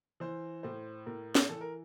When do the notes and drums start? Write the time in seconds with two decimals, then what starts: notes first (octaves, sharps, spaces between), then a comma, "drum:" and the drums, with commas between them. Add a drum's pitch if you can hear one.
0.20 E3 C5
0.63 A2 C5
1.06 A2 A#4
1.35 drum: snare
1.49 E3 A4
1.61 A#4